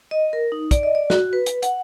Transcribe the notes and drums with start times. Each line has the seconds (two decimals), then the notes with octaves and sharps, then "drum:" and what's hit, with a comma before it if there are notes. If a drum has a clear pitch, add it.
0.11 D#5
0.33 A#4
0.52 D#4
0.71 D5, drum: kick, hi-hat
0.83 D#5
0.95 D5
1.10 F#4, drum: snare
1.33 B4
1.46 drum: hi-hat
1.62 F#5, drum: hi-hat